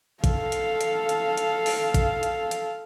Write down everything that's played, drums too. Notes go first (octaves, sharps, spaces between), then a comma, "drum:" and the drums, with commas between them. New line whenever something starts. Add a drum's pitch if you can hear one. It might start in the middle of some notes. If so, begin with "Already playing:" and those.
A4 F5, drum: kick, hi-hat
drum: hi-hat
drum: hi-hat
drum: hi-hat
drum: hi-hat
drum: open hi-hat
drum: kick, hi-hat
drum: hi-hat
drum: hi-hat